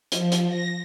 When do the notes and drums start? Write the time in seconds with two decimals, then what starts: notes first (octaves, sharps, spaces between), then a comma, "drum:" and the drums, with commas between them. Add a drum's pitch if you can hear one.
0.12 F3, drum: hi-hat
0.32 drum: hi-hat
0.48 A#6